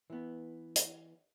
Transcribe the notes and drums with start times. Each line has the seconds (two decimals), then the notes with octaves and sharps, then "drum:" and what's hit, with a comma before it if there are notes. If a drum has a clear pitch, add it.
0.10 E3 B3
0.76 drum: hi-hat